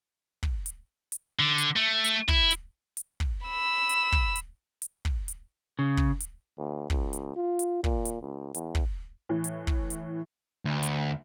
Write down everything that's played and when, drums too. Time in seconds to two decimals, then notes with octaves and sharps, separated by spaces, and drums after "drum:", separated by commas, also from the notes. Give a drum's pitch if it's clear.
0.43 drum: kick
0.66 drum: hi-hat
1.12 drum: hi-hat
1.39 D3
1.58 drum: hi-hat
1.76 A3
2.04 drum: hi-hat
2.28 E4, drum: kick
2.51 drum: hi-hat
2.97 drum: hi-hat
3.20 drum: kick
3.46 B5 E6
3.89 drum: hi-hat
4.12 drum: kick
4.36 drum: hi-hat
4.82 drum: hi-hat
5.05 drum: kick
5.28 drum: hi-hat
5.79 C#3
5.97 drum: kick
6.20 drum: hi-hat
6.58 D2
6.90 C#2, drum: kick
7.13 drum: hi-hat
7.36 F4
7.59 drum: hi-hat
7.84 A#2, drum: kick
8.05 drum: hi-hat
8.21 C#2
8.54 E2, drum: hi-hat
8.75 drum: kick
9.29 A2 E3
9.44 drum: hi-hat
9.67 drum: kick
9.90 drum: hi-hat
10.65 D2
10.83 drum: hi-hat